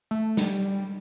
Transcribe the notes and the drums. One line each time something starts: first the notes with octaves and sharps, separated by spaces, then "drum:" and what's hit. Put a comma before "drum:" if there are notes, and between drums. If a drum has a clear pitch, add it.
A3
G3, drum: snare